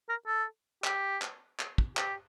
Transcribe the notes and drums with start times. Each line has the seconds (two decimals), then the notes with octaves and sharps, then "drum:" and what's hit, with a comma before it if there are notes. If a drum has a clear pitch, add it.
0.09 A#4
0.27 A4
0.84 G4, drum: clap
1.22 drum: clap
1.59 drum: clap
1.78 drum: kick
1.97 G4, drum: clap